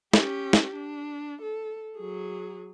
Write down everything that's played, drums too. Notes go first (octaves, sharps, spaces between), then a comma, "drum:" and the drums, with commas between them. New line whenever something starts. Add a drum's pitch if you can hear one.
C#4 G4, drum: snare
drum: snare
D4
A4
F#3 G#4